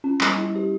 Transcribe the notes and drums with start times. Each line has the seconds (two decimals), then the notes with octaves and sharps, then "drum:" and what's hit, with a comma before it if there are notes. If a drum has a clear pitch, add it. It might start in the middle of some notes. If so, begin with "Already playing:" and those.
0.04 C#4
0.21 G3, drum: clap
0.38 E4
0.56 G4